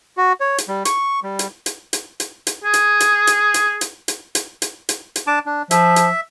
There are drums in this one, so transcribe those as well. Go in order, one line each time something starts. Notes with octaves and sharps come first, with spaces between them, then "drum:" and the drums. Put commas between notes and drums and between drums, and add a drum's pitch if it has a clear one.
F#4
C#5
drum: hi-hat
G3
C#6, drum: hi-hat
G3
drum: hi-hat
drum: hi-hat
drum: hi-hat
drum: hi-hat
drum: hi-hat
G#4
drum: hi-hat
drum: hi-hat
drum: hi-hat
drum: hi-hat
drum: hi-hat
drum: hi-hat
drum: hi-hat
drum: hi-hat
drum: hi-hat
drum: hi-hat
D4 A5 D6
D4
F3 E5, drum: hi-hat
drum: hi-hat